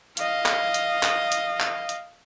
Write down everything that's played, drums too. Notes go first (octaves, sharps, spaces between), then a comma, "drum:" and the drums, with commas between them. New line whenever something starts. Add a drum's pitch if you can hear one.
D#5 F5, drum: hi-hat
drum: clap
drum: hi-hat
drum: clap
drum: hi-hat
drum: clap
drum: hi-hat